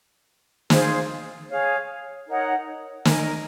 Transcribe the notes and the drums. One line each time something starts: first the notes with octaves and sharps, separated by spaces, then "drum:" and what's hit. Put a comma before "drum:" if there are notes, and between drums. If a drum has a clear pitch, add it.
F4 G#4 C5, drum: snare
G#4 C#5 F5
D#4 A#4 C#5 F#5
A#4 D#5 G#5, drum: snare